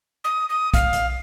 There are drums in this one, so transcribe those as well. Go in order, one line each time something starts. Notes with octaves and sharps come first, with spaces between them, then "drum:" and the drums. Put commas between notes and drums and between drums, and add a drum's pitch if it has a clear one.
D#6
D#6
F5, drum: kick, hi-hat
drum: hi-hat